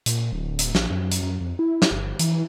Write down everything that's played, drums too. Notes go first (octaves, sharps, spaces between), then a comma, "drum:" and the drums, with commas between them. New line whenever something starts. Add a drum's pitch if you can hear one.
A#2, drum: hi-hat
D1
drum: hi-hat
A#1, drum: snare
F#2
drum: hi-hat
F#2
F2
E4
drum: snare
G1
E3, drum: hi-hat